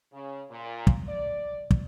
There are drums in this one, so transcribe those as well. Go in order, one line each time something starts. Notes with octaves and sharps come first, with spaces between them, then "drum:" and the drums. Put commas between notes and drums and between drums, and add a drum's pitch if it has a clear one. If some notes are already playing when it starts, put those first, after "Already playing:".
C#3
A#2
drum: kick
D5
drum: kick